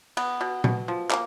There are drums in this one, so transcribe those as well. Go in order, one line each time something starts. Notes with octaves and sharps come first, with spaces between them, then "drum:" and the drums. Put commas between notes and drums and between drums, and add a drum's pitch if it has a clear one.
B3, drum: cymbal
B2
B2, drum: tom
F3
A#3, drum: clap